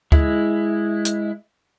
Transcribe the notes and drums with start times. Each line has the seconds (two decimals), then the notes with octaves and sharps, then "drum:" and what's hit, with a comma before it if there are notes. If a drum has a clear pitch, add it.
0.12 G#3 E4, drum: kick D2
1.05 drum: hi-hat